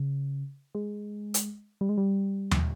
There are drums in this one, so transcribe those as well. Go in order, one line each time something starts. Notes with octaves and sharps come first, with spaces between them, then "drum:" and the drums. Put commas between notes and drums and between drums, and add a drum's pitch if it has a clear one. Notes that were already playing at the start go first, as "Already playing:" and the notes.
Already playing: C#3
G#3
drum: hi-hat
G3
G#3
G3
drum: tom D#2